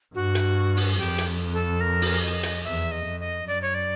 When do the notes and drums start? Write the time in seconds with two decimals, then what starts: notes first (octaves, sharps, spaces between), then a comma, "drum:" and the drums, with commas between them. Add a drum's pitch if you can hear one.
0.14 G2 F#4
0.35 drum: hi-hat
0.77 drum: open hi-hat
0.98 F2 G4
1.18 drum: hi-hat
1.53 A4
1.81 A#4
2.02 drum: open hi-hat
2.23 D#5
2.43 drum: hi-hat
2.64 E2 E5
2.91 D#5
3.05 F2
3.20 D#5
3.47 F#2 D5
3.62 C#5
3.74 D5